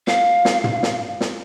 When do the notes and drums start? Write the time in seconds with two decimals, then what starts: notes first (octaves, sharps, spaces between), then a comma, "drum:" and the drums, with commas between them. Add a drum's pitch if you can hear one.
0.07 F5, drum: snare
0.45 drum: snare
0.64 drum: tom
0.83 drum: snare
1.21 drum: snare